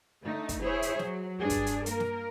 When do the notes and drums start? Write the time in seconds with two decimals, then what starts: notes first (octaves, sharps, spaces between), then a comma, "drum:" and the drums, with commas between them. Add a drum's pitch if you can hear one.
0.23 D3 A3 D#4
0.49 drum: kick, hi-hat
0.61 E4 G#4 C5 C#5 E5
0.82 drum: hi-hat
0.99 F#3, drum: snare
1.39 G2 D4 G#4
1.50 drum: kick, hi-hat
1.66 drum: hi-hat
1.86 A#3 A#4, drum: hi-hat
2.00 drum: snare